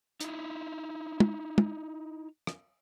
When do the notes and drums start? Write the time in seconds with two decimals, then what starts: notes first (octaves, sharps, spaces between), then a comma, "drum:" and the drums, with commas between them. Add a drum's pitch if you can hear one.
0.21 D#4 E4, drum: hi-hat
1.20 drum: tom
1.58 drum: tom
2.47 drum: rim click